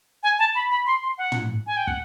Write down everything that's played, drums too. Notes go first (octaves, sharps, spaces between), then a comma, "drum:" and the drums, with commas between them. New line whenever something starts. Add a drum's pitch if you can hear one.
G#5
A5
B5
B5
C6
C6
F#5
drum: tom
G#5
G5
F#5, drum: kick